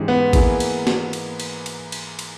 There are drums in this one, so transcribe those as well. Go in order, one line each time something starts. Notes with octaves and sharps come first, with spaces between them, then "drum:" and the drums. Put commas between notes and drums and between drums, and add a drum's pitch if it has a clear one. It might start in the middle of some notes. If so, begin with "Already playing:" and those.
Already playing: G#2 E3 G#3 C#4 G4
B3
E3 A#3 E4 G#4, drum: kick A1, cymbal
drum: cymbal
drum: snare
drum: cymbal
drum: cymbal
drum: cymbal
drum: cymbal
drum: cymbal